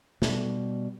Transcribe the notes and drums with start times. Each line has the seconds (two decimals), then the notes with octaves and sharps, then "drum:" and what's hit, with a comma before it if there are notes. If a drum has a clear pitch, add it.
0.22 B2 G3, drum: snare